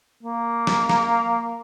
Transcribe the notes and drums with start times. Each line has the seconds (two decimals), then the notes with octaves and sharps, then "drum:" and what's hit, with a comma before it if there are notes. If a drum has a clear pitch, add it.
0.23 A#3
0.67 drum: snare
0.89 drum: snare